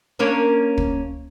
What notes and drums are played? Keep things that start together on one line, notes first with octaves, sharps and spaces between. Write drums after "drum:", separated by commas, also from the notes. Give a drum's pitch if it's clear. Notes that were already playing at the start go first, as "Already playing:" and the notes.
A#3 C#4 D4
drum: kick